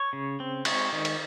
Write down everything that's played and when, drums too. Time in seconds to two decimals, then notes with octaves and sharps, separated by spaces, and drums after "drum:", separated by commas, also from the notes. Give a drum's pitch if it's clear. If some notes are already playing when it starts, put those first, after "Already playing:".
Already playing: C#5
0.13 C#3
0.40 C4
0.65 G#3 C#5, drum: cymbal
0.92 D#3
1.05 drum: cymbal